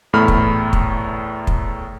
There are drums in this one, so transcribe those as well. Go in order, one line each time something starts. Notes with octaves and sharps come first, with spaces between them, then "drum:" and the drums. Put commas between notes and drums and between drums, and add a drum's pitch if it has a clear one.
E2 A2 A3 B5 F6
drum: kick
drum: kick
drum: kick